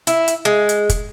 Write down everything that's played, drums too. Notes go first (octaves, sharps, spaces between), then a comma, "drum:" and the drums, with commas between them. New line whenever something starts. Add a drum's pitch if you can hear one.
E4, drum: hi-hat
drum: hi-hat
G#3
drum: hi-hat
drum: kick, hi-hat